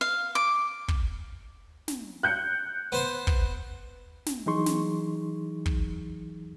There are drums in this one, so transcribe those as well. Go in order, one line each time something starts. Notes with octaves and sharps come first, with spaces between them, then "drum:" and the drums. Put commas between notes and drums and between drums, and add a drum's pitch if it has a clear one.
F5
D6
drum: kick
drum: snare
F#6 G6 C#7
B3 C5 C6
drum: kick
drum: snare
E3 F#3 D#4 G#4 C6 C#6
drum: snare
drum: kick